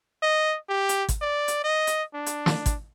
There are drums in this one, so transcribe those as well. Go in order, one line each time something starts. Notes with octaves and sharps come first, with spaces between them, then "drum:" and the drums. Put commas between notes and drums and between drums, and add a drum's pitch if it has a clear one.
D#5
G4
drum: hi-hat
drum: kick, hi-hat
D5
drum: hi-hat
D#5
drum: hi-hat
D4
drum: hi-hat
drum: snare
drum: kick, hi-hat